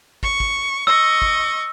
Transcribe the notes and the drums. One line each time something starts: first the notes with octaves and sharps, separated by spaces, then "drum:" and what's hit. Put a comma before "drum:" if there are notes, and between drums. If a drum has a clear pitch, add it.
C#6, drum: kick
drum: kick
D#5 C#6 E6
drum: kick